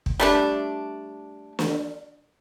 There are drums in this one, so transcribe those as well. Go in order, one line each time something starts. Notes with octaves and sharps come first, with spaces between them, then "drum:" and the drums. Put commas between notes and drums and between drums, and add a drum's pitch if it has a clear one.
drum: kick
G3 A3 D4
drum: snare